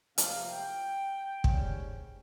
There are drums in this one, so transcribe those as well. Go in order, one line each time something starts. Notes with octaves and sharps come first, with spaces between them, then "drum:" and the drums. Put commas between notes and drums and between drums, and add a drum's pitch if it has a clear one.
C3 F3 A#3 F5, drum: hi-hat
G5
G#2 G3 C#4, drum: kick